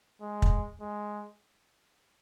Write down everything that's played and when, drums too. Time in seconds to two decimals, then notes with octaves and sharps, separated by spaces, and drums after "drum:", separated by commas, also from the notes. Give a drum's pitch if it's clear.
0.21 G#3
0.42 drum: kick
0.80 G#3